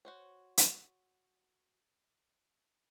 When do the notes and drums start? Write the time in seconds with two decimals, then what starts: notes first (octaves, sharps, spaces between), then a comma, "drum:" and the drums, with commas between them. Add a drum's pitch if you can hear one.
0.05 F#4 C5 C#5
0.58 drum: hi-hat